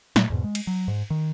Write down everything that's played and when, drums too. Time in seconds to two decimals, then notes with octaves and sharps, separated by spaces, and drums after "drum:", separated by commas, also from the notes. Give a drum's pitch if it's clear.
0.16 A#2 A3, drum: snare
0.30 E2 G#2 B2
0.44 G#3
0.55 drum: cymbal
0.67 F#3
0.88 G#2
1.10 D#3